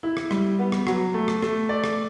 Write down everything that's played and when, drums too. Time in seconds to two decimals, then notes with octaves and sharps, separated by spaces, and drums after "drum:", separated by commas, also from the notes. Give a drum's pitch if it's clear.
0.03 E4
0.17 drum: rim click
0.31 G3, drum: rim click
0.59 B3
0.72 drum: rim click
0.87 F#3, drum: rim click
1.14 A3
1.28 drum: rim click
1.42 A3, drum: rim click
1.69 D5
1.84 drum: rim click